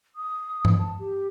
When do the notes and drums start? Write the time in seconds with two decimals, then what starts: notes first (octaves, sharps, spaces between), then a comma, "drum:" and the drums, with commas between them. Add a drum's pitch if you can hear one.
0.16 D#6
0.65 drum: tom G2
0.79 A5
0.99 G4